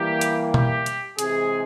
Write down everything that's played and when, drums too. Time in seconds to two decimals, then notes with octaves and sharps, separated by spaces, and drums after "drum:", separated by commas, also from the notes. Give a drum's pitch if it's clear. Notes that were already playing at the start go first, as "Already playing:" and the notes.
Already playing: E3 G3 A#3 G4
0.21 drum: hi-hat
0.54 G4, drum: tom B2
0.86 drum: hi-hat
1.19 C3 E3 G#3 G#4, drum: hi-hat